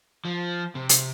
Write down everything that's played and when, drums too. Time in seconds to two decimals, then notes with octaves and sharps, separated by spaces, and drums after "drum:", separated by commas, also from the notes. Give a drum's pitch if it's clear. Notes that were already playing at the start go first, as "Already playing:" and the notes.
0.25 F3
0.75 C3
0.89 drum: hi-hat